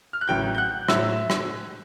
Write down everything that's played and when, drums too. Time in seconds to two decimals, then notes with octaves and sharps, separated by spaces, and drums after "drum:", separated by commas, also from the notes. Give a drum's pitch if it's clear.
0.13 F6
0.21 F#6
0.28 A1 A2 F#3 G5 G6
0.55 G6
0.58 F#5 F#6
0.89 A2 F#3 E5 E6, drum: rim click
1.30 drum: rim click